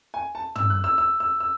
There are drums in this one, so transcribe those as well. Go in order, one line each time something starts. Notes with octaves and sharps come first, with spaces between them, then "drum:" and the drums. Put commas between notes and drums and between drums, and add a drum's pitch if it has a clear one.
G#5
A5
E6, drum: tom
F#6
E6
E6
E6
E6